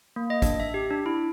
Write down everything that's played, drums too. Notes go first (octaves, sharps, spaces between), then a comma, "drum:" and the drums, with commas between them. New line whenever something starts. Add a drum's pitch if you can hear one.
A#3
D#5
D4, drum: kick, hi-hat
E5
G4
D4
E4